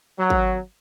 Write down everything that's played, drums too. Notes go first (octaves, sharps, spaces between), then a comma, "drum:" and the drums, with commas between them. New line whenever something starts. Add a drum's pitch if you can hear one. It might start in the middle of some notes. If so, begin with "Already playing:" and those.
F#3
drum: kick